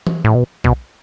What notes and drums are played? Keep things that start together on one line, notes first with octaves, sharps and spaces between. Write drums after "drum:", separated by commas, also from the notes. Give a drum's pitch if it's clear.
drum: tom E3
A2
B2
B2, drum: kick